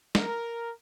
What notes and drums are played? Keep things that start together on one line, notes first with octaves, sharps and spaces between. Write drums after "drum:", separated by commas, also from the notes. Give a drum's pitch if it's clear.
A#4, drum: snare